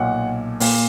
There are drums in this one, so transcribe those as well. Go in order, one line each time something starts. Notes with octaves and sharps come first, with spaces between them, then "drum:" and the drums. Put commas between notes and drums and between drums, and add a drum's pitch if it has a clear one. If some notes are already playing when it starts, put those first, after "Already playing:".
Already playing: B1 A#2 F#5
A#2, drum: open hi-hat